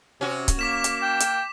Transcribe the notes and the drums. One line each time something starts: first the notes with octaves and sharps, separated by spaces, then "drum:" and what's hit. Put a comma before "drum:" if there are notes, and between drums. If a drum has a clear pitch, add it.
C3 C#4 F#4
drum: kick C#1, hi-hat
A#3 D6 B6 E7
drum: hi-hat
G5
drum: hi-hat